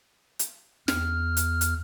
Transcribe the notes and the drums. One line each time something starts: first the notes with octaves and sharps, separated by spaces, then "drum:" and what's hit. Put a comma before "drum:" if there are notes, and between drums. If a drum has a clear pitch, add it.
drum: hi-hat
E2 F6, drum: snare
drum: hi-hat
drum: hi-hat